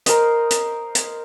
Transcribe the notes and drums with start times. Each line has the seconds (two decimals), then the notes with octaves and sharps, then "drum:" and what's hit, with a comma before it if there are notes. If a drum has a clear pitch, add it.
0.06 A#4 C5 D#5, drum: hi-hat
0.51 drum: hi-hat
0.95 drum: hi-hat